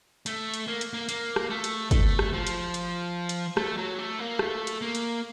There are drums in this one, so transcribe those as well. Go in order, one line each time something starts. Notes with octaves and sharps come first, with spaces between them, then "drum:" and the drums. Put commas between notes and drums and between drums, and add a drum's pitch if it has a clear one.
A3, drum: hi-hat
drum: hi-hat
A#3
drum: hi-hat
A#3
A#3, drum: hi-hat
drum: rim click
A3
drum: hi-hat
A3, drum: kick, hi-hat
drum: rim click
F3
drum: hi-hat
drum: hi-hat
drum: hi-hat
A3, drum: rim click
F#3
A3
A#3
A3, drum: rim click
drum: hi-hat
A#3
drum: hi-hat